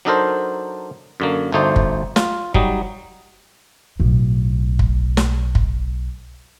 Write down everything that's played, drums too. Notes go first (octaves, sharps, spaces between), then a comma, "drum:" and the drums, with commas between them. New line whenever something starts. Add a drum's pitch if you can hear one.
F#3 D4 D#4 A4 A#4 C5
F#2 D3 A#3
G1 D2 A3 D#4 C5 D5
drum: kick
F4, drum: snare
F#3 G3 D#4, drum: kick
B1 A2
drum: kick
drum: snare
drum: kick